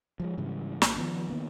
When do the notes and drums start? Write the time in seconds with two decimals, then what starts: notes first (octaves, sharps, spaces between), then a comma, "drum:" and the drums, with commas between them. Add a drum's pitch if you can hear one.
0.20 F3 F#3 G#3
0.38 G#2 C#3 E3 G3
0.82 A1 A#3, drum: snare
0.97 D#3 F3 B3
1.30 D#3 A#3 B3